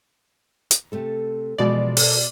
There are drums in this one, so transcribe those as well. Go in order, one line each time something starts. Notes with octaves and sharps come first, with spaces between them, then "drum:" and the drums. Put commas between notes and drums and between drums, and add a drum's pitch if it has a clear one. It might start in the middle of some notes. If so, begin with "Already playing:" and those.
drum: hi-hat
C3 A3 A4
B2 E3 F3 G#3 D5
A4 A#4 A5, drum: open hi-hat